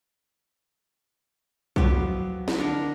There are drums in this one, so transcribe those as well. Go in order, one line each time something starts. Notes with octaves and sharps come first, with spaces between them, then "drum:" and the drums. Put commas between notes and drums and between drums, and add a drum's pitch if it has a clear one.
F3 F#3 B3 G4, drum: kick B1
drum: snare
D3 D4 A#4